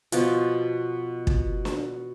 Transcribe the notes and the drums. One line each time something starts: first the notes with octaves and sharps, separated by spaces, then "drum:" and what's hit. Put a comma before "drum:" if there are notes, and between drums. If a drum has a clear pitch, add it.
B2 F3 F4, drum: hi-hat
drum: kick
drum: snare